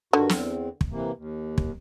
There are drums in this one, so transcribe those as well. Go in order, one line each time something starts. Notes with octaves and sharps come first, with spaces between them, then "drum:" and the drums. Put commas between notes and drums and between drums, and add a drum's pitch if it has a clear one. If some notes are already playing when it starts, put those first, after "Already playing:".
G2 D3 D#3 F#4
E2 C4, drum: snare
drum: kick
C3 E3 A#3
D#2
drum: kick